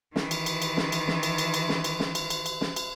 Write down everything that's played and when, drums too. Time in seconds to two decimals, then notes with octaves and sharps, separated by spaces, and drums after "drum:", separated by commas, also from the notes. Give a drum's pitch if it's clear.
0.16 D#3 E3, drum: snare
0.31 drum: cymbal
0.46 drum: cymbal
0.62 drum: cymbal
0.77 drum: snare
0.92 drum: cymbal
1.08 drum: snare
1.23 drum: cymbal
1.38 drum: cymbal
1.54 drum: cymbal
1.69 drum: snare
1.84 drum: cymbal
2.00 drum: snare
2.15 drum: cymbal
2.30 drum: cymbal
2.46 drum: cymbal
2.61 drum: snare
2.76 drum: cymbal